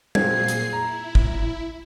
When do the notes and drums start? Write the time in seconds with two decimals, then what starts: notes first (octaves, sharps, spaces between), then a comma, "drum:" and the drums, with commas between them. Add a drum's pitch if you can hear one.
0.15 A#2 F#3 C4 G#4 F5 G#6 C7, drum: tom G3
0.48 drum: hi-hat
0.73 E4 A#5
1.15 drum: kick G#1